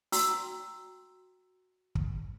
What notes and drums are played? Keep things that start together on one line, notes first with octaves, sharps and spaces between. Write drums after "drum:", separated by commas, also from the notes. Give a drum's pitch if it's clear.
F#4 G5 A#5 C6 E6, drum: open hi-hat
drum: kick